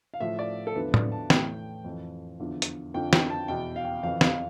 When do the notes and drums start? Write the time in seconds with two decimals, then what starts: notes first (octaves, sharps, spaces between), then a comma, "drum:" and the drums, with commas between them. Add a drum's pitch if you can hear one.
0.14 F5
0.20 A2 F3 E5
0.39 D5
0.67 A4
0.75 E2 D3 F3 B4
0.94 D5, drum: tom A2
1.12 A5
1.30 A2 E3 G5, drum: snare
1.84 F2 E3
2.40 E2 D3 F3
2.62 drum: hi-hat
2.94 F2 D3 F3 G5
3.13 G5, drum: snare
3.30 A5
3.48 E2 B2 G5
3.76 F5
3.85 G5
4.03 F2 E3 F5
4.21 F5, drum: snare